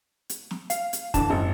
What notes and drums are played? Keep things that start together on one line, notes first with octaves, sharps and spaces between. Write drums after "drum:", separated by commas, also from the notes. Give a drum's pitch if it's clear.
drum: hi-hat
drum: snare
F5, drum: hi-hat
drum: hi-hat
D3 E3 A5, drum: kick, hi-hat
G#1 F#2